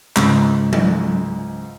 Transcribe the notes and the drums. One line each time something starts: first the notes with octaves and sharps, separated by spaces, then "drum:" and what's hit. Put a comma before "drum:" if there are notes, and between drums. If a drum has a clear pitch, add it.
C#2 G#2, drum: clap
drum: tom F#3